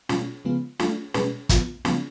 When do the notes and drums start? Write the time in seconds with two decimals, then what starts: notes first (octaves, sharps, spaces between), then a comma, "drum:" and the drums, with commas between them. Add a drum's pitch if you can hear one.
0.09 B2 G#3 C#4 F4, drum: snare
0.45 C#3 F3 G#3 B3 F4
0.80 A3 D4 F4, drum: snare
1.14 B2 G#3 C#4 G#4 B4, drum: snare
1.49 D3 F3 B3 F4, drum: kick, hi-hat
1.85 C#3 F3 B3 F4, drum: snare